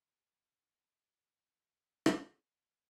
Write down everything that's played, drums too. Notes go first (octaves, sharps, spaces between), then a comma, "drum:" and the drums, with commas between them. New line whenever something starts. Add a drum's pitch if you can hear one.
A#5 C#6 F#6
drum: rim click